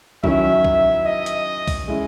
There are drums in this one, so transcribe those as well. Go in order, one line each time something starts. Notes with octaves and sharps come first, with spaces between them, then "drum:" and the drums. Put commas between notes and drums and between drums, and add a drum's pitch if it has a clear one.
D#3 F#3 C#4 E4 E5, drum: kick
drum: kick
D#5
drum: hi-hat
drum: kick, open hi-hat
G#3 C#4 E4